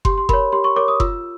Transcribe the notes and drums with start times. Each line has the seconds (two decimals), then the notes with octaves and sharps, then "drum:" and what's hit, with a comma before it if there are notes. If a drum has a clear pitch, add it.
0.05 G4 C6, drum: kick F#1
0.18 C6
0.29 A#4 C#5 B5, drum: kick F#1
0.52 G4 C6
0.64 C#6
0.76 A#4 C#5 D6
0.88 D#6
1.00 F4 E6, drum: kick F#1